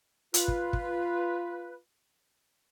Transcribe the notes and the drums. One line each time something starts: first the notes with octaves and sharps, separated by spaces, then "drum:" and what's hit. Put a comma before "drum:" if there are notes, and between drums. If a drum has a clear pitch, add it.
F4 B4, drum: hi-hat
drum: kick
drum: kick